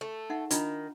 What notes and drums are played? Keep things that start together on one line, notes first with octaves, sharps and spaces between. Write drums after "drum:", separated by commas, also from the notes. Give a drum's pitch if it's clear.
A3
D#4 E5 F#5
D#3 D4 F4 A#5, drum: hi-hat